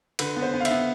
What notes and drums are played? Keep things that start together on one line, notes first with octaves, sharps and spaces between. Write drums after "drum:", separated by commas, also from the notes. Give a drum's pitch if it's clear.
D3 B4, drum: cymbal
B3
C5
B3
F5
E5, drum: cymbal
B3